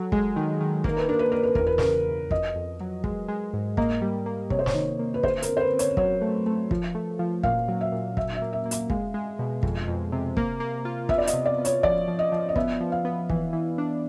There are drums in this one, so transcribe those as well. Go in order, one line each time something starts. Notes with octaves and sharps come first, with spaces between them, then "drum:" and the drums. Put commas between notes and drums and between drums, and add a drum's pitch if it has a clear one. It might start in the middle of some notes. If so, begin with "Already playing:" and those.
Already playing: F#3 A4
G#3, drum: kick
D#3
D#3
A#3 A#4, drum: kick
B4
D4 A#4
B4
D4 A#4
B4
E2 A#4, drum: kick
B4
C#3 A#4, drum: snare
E2
F2 D#5, drum: kick
F2
F#3
G#3, drum: kick
G#3
G#2
A#3 D#5, drum: kick
G3
A#3
C3 C#5, drum: kick
C5
C#5, drum: snare
D#3
A#3
B4
D3 C5, drum: kick
A#4, drum: hi-hat
C4
C5
B4
C4
C#5, drum: hi-hat
F#3 C#5, drum: kick
A3
A3
F3, drum: kick
A3
F3
A#2 F5, drum: kick
F#3
E5
A#2
F#3 E5, drum: kick
E5
A#3
E5
A#3
E5, drum: hi-hat
G#3 F5, drum: kick
G#3
B2
F2, drum: kick
F2
C3
A#3, drum: kick
A#3
F4
B3 E5, drum: kick
D5
D#5, drum: hi-hat
C3
D5
B3
C#5, drum: hi-hat
F3 D5, drum: kick
F3
D#5
F3
D#5
B3 E5, drum: kick
F3
F5
B3
E3, drum: kick
E3
D4